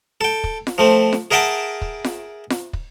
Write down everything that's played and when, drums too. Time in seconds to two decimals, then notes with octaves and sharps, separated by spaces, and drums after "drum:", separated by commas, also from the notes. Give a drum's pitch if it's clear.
0.21 A4 G5
0.44 drum: kick
0.67 drum: snare F4
0.78 F3 A3 C4
1.13 drum: snare F4
1.31 G#4 A#4 E5 F#5 G5 A5
1.81 drum: kick
2.04 drum: snare F4
2.50 drum: snare F4
2.73 drum: kick